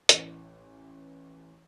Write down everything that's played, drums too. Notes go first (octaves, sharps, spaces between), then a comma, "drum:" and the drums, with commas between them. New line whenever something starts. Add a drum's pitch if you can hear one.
A1 E3, drum: hi-hat